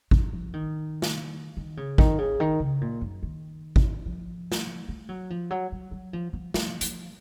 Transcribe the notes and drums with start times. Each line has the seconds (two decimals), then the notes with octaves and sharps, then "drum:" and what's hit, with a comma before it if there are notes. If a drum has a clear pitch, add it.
0.11 F3, drum: kick G#1
0.33 F3
0.54 D#3
1.02 drum: snare
1.57 D#3
1.77 C#3
1.98 D#3, drum: kick G#1
2.18 C#3
2.40 D#3
2.60 C#3
2.81 A#2
3.01 F#2
3.23 D#3
3.76 drum: kick G#1
4.06 F3
4.52 drum: snare
4.89 A3
5.09 F#3
5.30 F3
5.50 F#3
5.72 F#3
5.91 F#3
6.13 F3
6.33 F3
6.54 F3, drum: snare
6.81 F3, drum: hi-hat